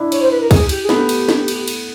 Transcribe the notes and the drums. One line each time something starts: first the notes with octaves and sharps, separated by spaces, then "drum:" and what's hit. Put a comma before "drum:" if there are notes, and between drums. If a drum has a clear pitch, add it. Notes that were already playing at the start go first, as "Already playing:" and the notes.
Already playing: D4 E4
C#5, drum: cymbal
C5
B4
A#4
G#4, drum: kick, cymbal
G4, drum: cymbal
G#4
A3 B3, drum: snare
G4
drum: cymbal
drum: snare
drum: cymbal
drum: cymbal